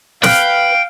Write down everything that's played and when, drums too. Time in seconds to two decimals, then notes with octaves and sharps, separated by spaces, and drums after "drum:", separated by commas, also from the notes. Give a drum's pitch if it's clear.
0.23 B4 F5 G5 F6, drum: snare